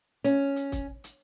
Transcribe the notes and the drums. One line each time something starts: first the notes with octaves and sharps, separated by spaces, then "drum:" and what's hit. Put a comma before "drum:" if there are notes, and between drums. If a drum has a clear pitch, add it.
C#4, drum: hi-hat
drum: hi-hat
drum: kick, hi-hat
drum: hi-hat